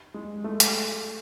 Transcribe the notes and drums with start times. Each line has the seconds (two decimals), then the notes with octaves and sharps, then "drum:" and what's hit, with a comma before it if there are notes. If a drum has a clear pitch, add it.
0.14 G#3
0.44 A3
0.60 drum: hi-hat